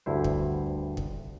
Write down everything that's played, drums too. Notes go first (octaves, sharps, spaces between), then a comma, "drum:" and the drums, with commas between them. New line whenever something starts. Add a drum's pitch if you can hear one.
D2 G2 E4 C5
drum: kick
drum: kick